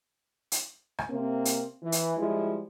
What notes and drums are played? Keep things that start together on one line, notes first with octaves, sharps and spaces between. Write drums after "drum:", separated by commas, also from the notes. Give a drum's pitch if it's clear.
drum: hi-hat
drum: rim click
C3 A#3 C4
drum: hi-hat
E3
drum: hi-hat
F3 G3 G#3 E4